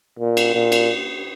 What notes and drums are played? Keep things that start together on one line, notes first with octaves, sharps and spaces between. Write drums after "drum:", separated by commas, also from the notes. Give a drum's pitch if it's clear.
A#2
drum: cymbal
A#2
drum: cymbal